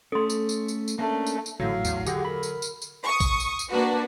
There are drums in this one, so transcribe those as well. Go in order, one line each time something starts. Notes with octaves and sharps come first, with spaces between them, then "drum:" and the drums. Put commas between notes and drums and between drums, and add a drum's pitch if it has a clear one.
A3 C#4 A4 C6
drum: tambourine
drum: tambourine
drum: tambourine
drum: tambourine
A3 A#3 C#4 D4
drum: tambourine
drum: tambourine
A1 A2 D3 F#3 F5
E2, drum: tambourine
D3 G4 G#4 F#5, drum: tambourine
A#4 B5
drum: tambourine
drum: tambourine
drum: tambourine
C#6 D#6
drum: kick, tambourine
drum: tambourine
drum: tambourine
A#3 D4 F#4 B4